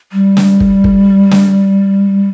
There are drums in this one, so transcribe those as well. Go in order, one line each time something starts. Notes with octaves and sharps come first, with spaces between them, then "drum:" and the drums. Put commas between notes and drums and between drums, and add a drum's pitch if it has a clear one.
G3
drum: snare
drum: kick
drum: kick
drum: snare